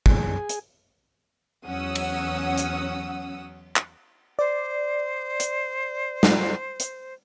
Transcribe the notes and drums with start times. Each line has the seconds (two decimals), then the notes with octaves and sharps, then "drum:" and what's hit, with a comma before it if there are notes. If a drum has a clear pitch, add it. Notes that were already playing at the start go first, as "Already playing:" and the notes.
0.06 G#4, drum: kick
0.49 drum: hi-hat
1.65 E2 F#3 C#4 F#5 D#6 E6
1.95 drum: cymbal
2.57 drum: hi-hat
3.76 drum: clap
4.39 C5 D5
5.40 drum: hi-hat
6.23 drum: snare
6.80 drum: hi-hat